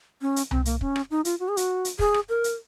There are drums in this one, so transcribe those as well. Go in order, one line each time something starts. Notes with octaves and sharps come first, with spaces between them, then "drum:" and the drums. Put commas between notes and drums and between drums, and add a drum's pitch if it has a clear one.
C#4
drum: hi-hat
C4, drum: tom C2
A#3, drum: hi-hat
C#4, drum: kick
drum: rim click
D#4
F4, drum: hi-hat
F#4
G#4
F#4, drum: hi-hat
drum: hi-hat
G#4, drum: kick
drum: rim click
A#4
drum: hi-hat